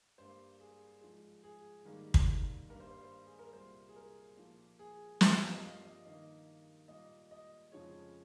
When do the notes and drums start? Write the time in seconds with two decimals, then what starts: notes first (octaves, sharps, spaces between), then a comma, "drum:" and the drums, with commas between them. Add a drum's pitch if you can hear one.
0.18 G2 G3 A#3 C5
0.60 G#4
1.01 G#2 F3 G#3
1.44 G#4
1.85 G#2 D#3 G3 A#3
2.14 drum: kick
2.70 G2 G3 A#3 A#4
2.80 C5
2.91 C5
3.01 C5
3.26 G#4
3.39 A#4
3.53 C2 A#2 G3 A#3 C5
3.89 G#4
3.96 A#4
4.37 A#2 F3 A#3
4.79 G#4
5.21 G2 F3 A#3 G4, drum: snare
5.32 G4
5.42 F5
5.53 D#5
5.63 F5
5.84 D#5
6.05 G2 D#3 A#3 D#5
6.88 A#2 G3 A#3 D#5
7.31 D#5
7.72 F2 C#3 F3 G#3 C#5